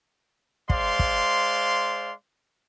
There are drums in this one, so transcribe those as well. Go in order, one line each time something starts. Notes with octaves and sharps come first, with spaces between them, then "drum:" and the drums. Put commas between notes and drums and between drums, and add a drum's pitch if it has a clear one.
G#3 C5 D5 F5 C6, drum: kick
drum: kick